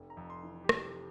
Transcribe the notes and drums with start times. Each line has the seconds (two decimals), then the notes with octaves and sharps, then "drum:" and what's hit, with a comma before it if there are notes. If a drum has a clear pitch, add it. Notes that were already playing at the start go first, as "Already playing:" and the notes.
Already playing: F1
0.10 A#5
0.17 F2
0.30 C6
0.43 E3
0.64 G4
0.69 C3 A4, drum: rim click